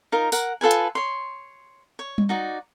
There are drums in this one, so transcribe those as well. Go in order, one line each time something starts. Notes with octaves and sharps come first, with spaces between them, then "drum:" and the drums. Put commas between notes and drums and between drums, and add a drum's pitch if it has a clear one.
D#4 F4 A#4
A#4 F#5, drum: tambourine
F4 A4 B4 G#5
drum: hi-hat
C#5 C6
C#5
drum: tom G3
D#4 F#4 D5